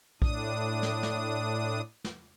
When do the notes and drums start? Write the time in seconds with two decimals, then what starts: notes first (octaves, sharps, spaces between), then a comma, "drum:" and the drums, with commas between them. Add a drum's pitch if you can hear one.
0.22 A2 D4 D#6, drum: kick A#1
0.83 drum: snare
1.03 drum: snare
2.04 drum: snare